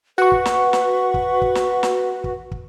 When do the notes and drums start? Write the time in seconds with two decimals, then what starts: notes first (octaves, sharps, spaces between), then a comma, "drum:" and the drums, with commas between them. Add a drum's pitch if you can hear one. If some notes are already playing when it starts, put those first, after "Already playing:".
0.18 F#4 B4 F#5 C#6
0.32 drum: kick
0.45 drum: snare
0.73 drum: snare
1.14 drum: kick
1.42 drum: kick
1.55 drum: snare
1.83 drum: snare
2.24 drum: kick
2.51 drum: kick